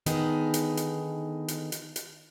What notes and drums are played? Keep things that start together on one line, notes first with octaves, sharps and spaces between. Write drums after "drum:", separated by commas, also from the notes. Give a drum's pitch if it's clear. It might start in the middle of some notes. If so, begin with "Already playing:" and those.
D3 D#3 B3 D#4 G#4, drum: hi-hat
drum: hi-hat
drum: hi-hat
drum: hi-hat
drum: hi-hat
drum: hi-hat